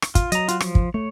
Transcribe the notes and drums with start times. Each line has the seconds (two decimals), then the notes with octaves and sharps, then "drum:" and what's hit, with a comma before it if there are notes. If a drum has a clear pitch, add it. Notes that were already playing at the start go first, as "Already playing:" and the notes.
0.02 drum: rim click
0.15 F4, drum: kick, hi-hat
0.32 F#3 D#5 A#5, drum: hi-hat
0.48 F4 F#4, drum: hi-hat
0.60 F3, drum: rim click
0.75 drum: kick
0.94 A3 C#5